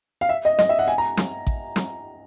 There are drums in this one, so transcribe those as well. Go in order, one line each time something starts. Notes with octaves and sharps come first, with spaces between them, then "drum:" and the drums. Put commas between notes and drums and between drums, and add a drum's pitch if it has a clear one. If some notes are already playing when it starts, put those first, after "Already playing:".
F5
E5
D#5
D#5, drum: snare
E5
F#5
G#5
A#5
drum: snare
drum: kick A1
drum: snare